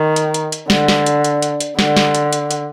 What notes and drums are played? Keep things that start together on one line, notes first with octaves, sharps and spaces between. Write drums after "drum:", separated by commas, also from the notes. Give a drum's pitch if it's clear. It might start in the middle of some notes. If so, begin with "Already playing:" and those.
Already playing: D#3
drum: hi-hat
drum: hi-hat
drum: hi-hat
D3, drum: snare
drum: snare
drum: hi-hat
drum: hi-hat
drum: hi-hat
drum: hi-hat
D3, drum: snare
drum: snare
drum: hi-hat
drum: hi-hat
drum: hi-hat